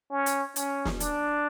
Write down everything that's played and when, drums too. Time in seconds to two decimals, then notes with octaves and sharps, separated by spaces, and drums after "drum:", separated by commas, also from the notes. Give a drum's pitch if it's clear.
0.11 C#4
0.26 drum: hi-hat
0.56 C#4, drum: hi-hat
0.85 drum: snare
1.00 D4, drum: hi-hat